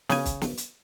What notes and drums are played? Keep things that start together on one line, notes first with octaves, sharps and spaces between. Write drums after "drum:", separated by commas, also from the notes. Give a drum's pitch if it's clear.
C#3 G#5, drum: snare
drum: kick, hi-hat
drum: snare
drum: hi-hat